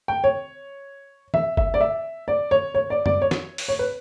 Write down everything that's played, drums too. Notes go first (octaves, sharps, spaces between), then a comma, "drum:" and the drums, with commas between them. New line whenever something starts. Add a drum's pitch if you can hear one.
G5
C#5
E5, drum: tom
E5, drum: kick
D5
E5
D5
C#5
C#5
D5
D5, drum: tom
C#5
drum: snare
drum: open hi-hat
C#5
B4